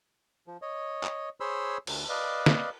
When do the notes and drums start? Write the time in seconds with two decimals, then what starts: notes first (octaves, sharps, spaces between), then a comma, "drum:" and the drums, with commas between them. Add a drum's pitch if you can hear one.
0.47 F3
0.62 C#5 D#5
1.03 drum: clap
1.40 G#4 C5 C#5 B5 C6 E6
1.87 D2, drum: cymbal
2.09 B4 D5 D#5 F5
2.46 drum: snare